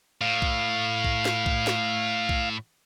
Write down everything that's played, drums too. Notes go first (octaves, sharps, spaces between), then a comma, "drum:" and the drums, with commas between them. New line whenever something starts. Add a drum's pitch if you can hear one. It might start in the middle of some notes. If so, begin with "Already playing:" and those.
A2 F5
drum: kick B1
drum: kick B1
drum: snare
drum: kick B1
drum: snare
drum: kick B1